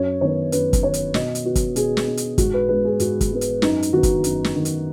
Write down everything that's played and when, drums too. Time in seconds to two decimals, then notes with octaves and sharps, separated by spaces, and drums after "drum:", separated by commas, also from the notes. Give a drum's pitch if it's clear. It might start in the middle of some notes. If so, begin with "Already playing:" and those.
Already playing: F#2 C#5
0.21 D#3 B3 C#5
0.52 F#2 B4, drum: hi-hat
0.73 drum: kick, hi-hat
0.83 D#3 B3 C#5
0.94 drum: hi-hat
1.14 B2 D#5, drum: snare
1.35 drum: hi-hat
1.45 B3 F#4
1.55 drum: kick, hi-hat
1.76 B2 G#4, drum: hi-hat
1.97 drum: snare
2.07 B3
2.17 drum: hi-hat
2.38 G#2 F#4, drum: kick, hi-hat
2.54 B4
2.69 G#3 B3 B4
2.85 G#4
3.00 G#2 F#4, drum: hi-hat
3.21 drum: kick, hi-hat
3.31 G#3 B3
3.41 drum: hi-hat
3.62 F#2 D#4, drum: snare
3.83 drum: hi-hat
3.93 D#3 B3 F#4
4.03 drum: kick, hi-hat
4.24 F#2, drum: hi-hat
4.44 drum: snare
4.55 D#3 B3
4.65 drum: hi-hat